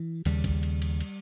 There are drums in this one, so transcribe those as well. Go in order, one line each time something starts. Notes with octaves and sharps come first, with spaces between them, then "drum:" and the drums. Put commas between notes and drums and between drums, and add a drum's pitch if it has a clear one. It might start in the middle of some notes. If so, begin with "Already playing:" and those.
Already playing: E3
D#2 C#3 G3, drum: cymbal
drum: kick, cymbal
drum: cymbal
drum: cymbal
drum: cymbal